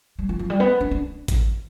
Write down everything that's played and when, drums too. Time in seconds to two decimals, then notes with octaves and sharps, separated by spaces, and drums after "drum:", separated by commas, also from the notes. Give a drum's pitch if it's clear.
0.19 G3
0.29 F3
0.39 F3
0.50 G3
0.60 B3
0.81 D4
0.91 D4
1.28 drum: kick, hi-hat